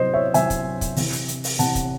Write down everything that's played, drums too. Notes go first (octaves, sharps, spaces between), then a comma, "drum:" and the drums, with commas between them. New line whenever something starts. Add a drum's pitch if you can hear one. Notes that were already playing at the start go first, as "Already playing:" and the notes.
Already playing: C3 F#3 C5 D#5
C#5 E5
C3 F#3 E5 G#5, drum: hi-hat
drum: kick, hi-hat
drum: kick, hi-hat
C3 E3, drum: open hi-hat
drum: hi-hat
drum: hi-hat
drum: open hi-hat
C3 E3 F#5 A5, drum: hi-hat
drum: kick, hi-hat